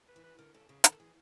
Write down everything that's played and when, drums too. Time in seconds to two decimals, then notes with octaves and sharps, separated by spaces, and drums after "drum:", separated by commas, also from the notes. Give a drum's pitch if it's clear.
0.09 B4
0.16 E3
0.24 B4
0.39 D3 A#4
0.54 C#3 A4
0.69 C#3 G#4
0.84 D#3 A4, drum: hi-hat
1.00 E3 G#4